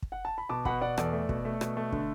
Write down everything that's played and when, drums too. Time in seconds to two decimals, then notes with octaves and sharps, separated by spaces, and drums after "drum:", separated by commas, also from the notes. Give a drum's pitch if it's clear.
0.02 drum: kick
0.12 F#5
0.25 A5
0.38 B5
0.49 B2 A5 D6
0.65 B2 F#5 B5, drum: kick
0.81 B2 D5 F#5
0.97 E2 A4 D5, drum: rim click
1.13 A3
1.29 B2, drum: kick
1.45 A3
1.61 B2, drum: rim click
1.77 A3
1.92 D3, drum: kick